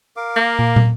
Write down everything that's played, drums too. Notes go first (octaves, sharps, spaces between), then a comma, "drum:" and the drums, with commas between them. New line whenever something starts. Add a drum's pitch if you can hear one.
A#4 F5 D6
A#3
A#2
drum: tom